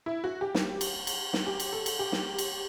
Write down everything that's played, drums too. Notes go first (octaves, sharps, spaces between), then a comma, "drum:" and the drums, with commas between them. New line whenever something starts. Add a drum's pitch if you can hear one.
E4
F#4
G4
drum: snare
drum: cymbal
drum: cymbal
drum: snare
G4
drum: cymbal
A4
drum: cymbal
G4
drum: snare
drum: cymbal